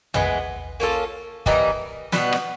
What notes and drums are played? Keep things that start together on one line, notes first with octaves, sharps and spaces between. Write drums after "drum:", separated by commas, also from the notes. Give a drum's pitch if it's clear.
E3 G#3 B3, drum: tom
A#3 C#4 F4 A4
E3 G3 A#3 D#4, drum: kick
B2 G3 B3, drum: snare
drum: rim click